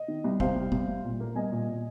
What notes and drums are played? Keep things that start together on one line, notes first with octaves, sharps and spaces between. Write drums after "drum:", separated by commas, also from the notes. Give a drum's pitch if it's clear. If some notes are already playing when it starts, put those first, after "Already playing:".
Already playing: D#5
D#3
C2
C3 C5 F5, drum: kick
C2
C2, drum: kick
C2
A#2
A#3
C2 D#5 G#5
A#2
A#2